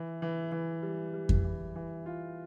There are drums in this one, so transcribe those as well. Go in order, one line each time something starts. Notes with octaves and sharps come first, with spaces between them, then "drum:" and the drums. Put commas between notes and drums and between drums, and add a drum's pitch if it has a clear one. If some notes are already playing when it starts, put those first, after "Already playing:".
Already playing: E3
E3
E3
G3
G3
drum: kick F2
E3
E3
F4